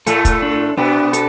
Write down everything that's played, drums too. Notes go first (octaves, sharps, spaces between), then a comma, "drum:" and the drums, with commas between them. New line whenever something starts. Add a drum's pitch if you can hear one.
A2 A3 A4, drum: hi-hat
drum: kick, hi-hat
D4
B2 B3 D4
A4, drum: hi-hat